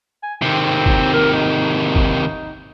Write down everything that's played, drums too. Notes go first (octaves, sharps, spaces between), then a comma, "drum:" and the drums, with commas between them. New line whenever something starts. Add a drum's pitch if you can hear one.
G#5
C3 D#3 C4
drum: kick
A#4
D#4
drum: kick